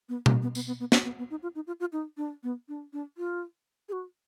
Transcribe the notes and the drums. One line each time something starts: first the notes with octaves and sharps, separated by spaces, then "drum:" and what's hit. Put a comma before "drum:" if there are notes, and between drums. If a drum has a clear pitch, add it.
B3
A#3, drum: tom B2
B3
B3, drum: tambourine
B3
B3
D4, drum: snare
B3
B3
D#4
F4
D#4
F4
F4
D#4
D4
B3
D4
D4
F4
G#4
F#4